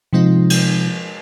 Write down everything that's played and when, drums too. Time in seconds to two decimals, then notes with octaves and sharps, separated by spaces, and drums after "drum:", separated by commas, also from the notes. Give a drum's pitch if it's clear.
0.13 C3 F3 G#3 C4 D#4 F4
0.50 drum: cymbal